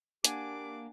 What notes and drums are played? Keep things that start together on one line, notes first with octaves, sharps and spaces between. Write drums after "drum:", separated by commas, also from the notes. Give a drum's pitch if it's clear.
A#3 D4 G4 F#5 G#5 D6 G#6, drum: hi-hat